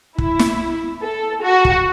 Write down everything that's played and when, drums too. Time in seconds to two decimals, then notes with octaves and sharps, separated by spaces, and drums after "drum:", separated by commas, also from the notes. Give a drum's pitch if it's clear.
0.18 E4, drum: kick
0.39 drum: snare
1.02 A4
1.43 F#4
1.65 drum: kick